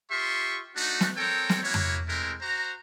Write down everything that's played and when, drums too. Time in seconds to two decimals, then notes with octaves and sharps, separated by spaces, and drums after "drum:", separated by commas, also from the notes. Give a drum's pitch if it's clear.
0.10 F4 G4 E5 C6 C#6
0.76 A3 D4 D#4 F#4
1.01 drum: snare
1.17 C4 A4 A#4 C#5 G5
1.49 drum: snare
1.64 A#3 E4 F#4 C#5
1.74 drum: tom F2
2.07 G#3 A3 C4 E4 A#4
2.41 F#4 C5 A#5